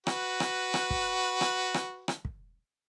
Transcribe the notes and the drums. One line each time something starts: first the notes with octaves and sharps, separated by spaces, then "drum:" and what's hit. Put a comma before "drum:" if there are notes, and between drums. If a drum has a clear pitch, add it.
F#4 B4, drum: rim click
drum: rim click
drum: rim click
drum: kick
drum: rim click
drum: rim click
drum: rim click
drum: kick